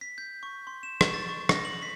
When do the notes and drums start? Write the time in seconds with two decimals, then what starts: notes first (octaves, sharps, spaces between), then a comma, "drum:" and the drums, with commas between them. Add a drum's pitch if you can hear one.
0.01 B6
0.18 G6
0.43 C#6
0.67 C6
0.83 E7
1.01 C#6, drum: rim click
1.14 A6
1.29 C#6
1.49 A#6, drum: rim click
1.65 F#7
1.82 B6